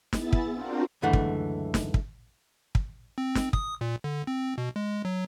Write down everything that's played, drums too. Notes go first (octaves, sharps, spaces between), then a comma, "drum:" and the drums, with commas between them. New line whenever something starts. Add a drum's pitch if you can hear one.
B3 E4 G#4 E5 A6, drum: snare
drum: kick
C4 D4 F4 F#4 A#4 C5
C#2 F#2 D3 E3 A3 F#5
drum: kick
drum: snare
drum: kick
drum: kick
C4
drum: snare
D#6, drum: kick
A#2
D3
C4
B2
G#3
F#3